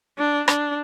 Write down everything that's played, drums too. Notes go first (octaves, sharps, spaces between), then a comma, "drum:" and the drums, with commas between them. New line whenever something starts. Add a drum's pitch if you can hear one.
D4
D4, drum: rim click